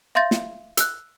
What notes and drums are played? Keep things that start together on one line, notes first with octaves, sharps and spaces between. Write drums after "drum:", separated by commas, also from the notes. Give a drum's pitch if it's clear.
E5 F5 C6 G6 A6 A#6
drum: snare
E6 F#6, drum: hi-hat